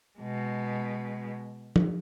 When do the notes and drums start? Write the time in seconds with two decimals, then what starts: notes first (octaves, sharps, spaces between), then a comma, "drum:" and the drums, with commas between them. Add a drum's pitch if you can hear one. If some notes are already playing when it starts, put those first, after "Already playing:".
0.19 B2 G#3
1.76 drum: tom F3